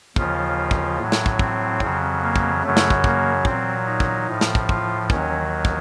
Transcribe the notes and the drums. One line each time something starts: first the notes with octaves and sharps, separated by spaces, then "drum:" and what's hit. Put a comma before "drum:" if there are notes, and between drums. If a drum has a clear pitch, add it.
D#2 C#3 F3 F4, drum: kick
drum: kick
A2 F#3
drum: snare
drum: kick
C4, drum: kick
F2 C#3 F#3, drum: kick
A#3
drum: kick
F#2 C#3 F#3 A3
drum: snare
drum: kick
A#3, drum: kick
A#2 F#3 C4, drum: kick
D#4
drum: kick
A2 F3
drum: snare
drum: kick
F4, drum: kick
D#2 D#3 F#3 C#4, drum: kick
drum: kick